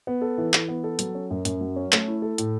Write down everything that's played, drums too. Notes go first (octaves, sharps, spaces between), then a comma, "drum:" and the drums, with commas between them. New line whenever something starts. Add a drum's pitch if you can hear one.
B3
A4
E3
E3, drum: clap
B3
A4
F#3, drum: hi-hat
C#4
F#2
F#2, drum: hi-hat
F#3
C#4
A3, drum: clap
E4
A4
A2, drum: hi-hat